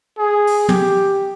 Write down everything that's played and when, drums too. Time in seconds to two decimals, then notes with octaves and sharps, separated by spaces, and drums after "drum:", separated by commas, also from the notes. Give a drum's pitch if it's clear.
0.18 G#4
0.47 drum: open hi-hat
0.69 G4, drum: tom